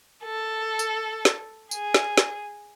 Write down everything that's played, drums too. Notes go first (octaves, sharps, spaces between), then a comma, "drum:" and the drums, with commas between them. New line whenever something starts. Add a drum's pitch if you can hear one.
A4
drum: tambourine
drum: snare
G#4, drum: tambourine
drum: snare
drum: snare